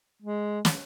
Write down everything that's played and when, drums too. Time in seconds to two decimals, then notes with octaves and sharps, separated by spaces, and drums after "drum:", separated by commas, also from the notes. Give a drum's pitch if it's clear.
0.22 G#3
0.65 drum: snare